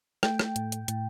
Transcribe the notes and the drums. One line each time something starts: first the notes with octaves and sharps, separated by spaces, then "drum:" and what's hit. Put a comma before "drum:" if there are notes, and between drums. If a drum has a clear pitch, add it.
A3 G5, drum: rim click
drum: rim click
A2, drum: hi-hat
drum: hi-hat
A2, drum: hi-hat